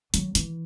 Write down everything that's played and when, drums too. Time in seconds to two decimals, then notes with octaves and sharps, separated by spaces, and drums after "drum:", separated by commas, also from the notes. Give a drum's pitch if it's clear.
0.14 F#3, drum: hi-hat
0.35 E3, drum: hi-hat